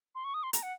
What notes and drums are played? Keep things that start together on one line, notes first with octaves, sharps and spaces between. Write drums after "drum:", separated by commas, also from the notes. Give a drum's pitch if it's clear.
C6
C#6
D#6
C6
A#5, drum: hi-hat
F#5